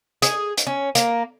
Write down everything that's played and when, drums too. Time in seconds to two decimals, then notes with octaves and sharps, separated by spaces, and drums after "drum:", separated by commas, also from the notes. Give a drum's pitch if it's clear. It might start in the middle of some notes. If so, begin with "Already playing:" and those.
0.22 G#4, drum: hi-hat
0.57 drum: hi-hat
0.67 C#4
0.95 A#3, drum: hi-hat